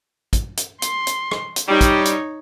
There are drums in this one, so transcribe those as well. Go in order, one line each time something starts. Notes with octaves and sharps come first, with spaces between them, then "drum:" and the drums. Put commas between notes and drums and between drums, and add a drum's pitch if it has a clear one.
drum: kick, hi-hat
drum: hi-hat
C6, drum: hi-hat
drum: hi-hat
drum: rim click
drum: hi-hat
G3 D#4 C#5
drum: kick, hi-hat
drum: hi-hat